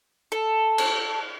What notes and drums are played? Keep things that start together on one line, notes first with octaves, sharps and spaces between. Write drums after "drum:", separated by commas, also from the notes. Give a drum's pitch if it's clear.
A4
drum: cymbal